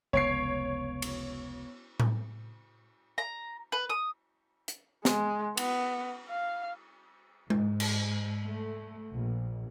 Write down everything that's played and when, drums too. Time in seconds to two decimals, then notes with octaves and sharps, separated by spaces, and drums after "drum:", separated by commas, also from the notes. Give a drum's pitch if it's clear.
0.13 F1 C#2 B3 C#5 C#6 C7 D7
1.02 drum: cymbal
2.00 drum: tom A2
3.18 A#5
3.72 B4
3.90 D#6
4.68 drum: hi-hat
5.05 G#3, drum: snare
5.57 B3, drum: cymbal
6.29 F5
7.50 G#2, drum: tom G#3
7.80 drum: cymbal
8.46 A3
9.14 A#1